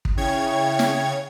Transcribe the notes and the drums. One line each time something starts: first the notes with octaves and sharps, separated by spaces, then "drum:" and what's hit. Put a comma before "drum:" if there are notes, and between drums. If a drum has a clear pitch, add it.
drum: kick
C#3 E4 C#5 G5 G#6
drum: snare